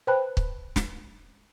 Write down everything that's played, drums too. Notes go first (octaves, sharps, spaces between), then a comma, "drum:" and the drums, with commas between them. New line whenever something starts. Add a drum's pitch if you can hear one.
B4 C5 G5 A5 B5 F#6
drum: kick
drum: snare